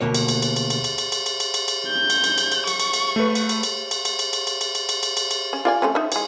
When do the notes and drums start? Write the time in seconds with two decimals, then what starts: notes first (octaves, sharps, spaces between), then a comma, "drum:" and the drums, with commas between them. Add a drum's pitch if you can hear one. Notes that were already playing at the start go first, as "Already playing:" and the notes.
0.01 D2 B2 A#3 C#5
0.15 drum: cymbal
0.28 drum: cymbal
0.42 drum: cymbal
0.56 drum: cymbal
0.70 drum: cymbal
0.84 drum: cymbal
0.98 drum: cymbal
1.12 drum: cymbal
1.26 drum: cymbal
1.40 drum: cymbal
1.54 drum: cymbal
1.68 drum: cymbal
1.88 G6
2.10 drum: cymbal
2.24 drum: cymbal
2.38 drum: cymbal
2.52 drum: cymbal
2.68 C#6, drum: cymbal
2.80 drum: cymbal
2.94 drum: cymbal
3.16 A3 B4
3.35 drum: cymbal
3.49 drum: cymbal
3.63 drum: cymbal
3.91 drum: cymbal
4.05 drum: cymbal
4.19 drum: cymbal
4.33 drum: cymbal
4.47 drum: cymbal
4.61 drum: cymbal
4.75 drum: cymbal
4.89 drum: cymbal
5.03 drum: cymbal
5.17 drum: cymbal
5.31 drum: cymbal
5.53 C#4
5.65 F4 D5 G#5
5.82 A3 C4 C#4
5.95 D#4 E5
6.12 E3 G#3, drum: cymbal